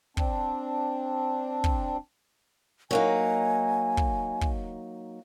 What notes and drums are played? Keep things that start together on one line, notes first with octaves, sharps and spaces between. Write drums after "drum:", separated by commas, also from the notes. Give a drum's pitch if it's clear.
C4 D4, drum: kick
drum: kick
F#3 A#3 D#4 G#5
drum: kick
drum: kick